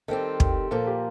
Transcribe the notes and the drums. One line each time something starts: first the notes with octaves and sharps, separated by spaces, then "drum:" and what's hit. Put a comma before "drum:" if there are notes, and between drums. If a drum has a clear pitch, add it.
D#3 G3 C4 G4 A4
drum: kick
A#2 F3 A#3 A4
G4